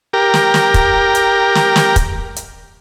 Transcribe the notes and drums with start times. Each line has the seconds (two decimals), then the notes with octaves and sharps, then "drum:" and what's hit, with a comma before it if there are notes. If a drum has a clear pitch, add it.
0.13 G4 A#4
0.34 drum: snare
0.54 drum: snare
0.74 drum: kick, hi-hat
1.15 drum: hi-hat
1.55 drum: snare
1.76 drum: snare
1.96 drum: kick, hi-hat
2.36 drum: hi-hat